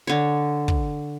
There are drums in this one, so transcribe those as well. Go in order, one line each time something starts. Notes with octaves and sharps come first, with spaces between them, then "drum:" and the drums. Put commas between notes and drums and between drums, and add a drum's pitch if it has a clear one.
D3 C#5
drum: kick